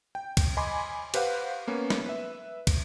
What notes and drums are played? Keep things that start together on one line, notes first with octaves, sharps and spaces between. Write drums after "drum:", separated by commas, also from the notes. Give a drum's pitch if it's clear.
G5
drum: kick, cymbal
D#5 G#5 B5 C6 D6
G4 B4 C5 F5 F#5, drum: cymbal
A#3 B3 C#4
drum: snare
B4 E5
drum: kick, cymbal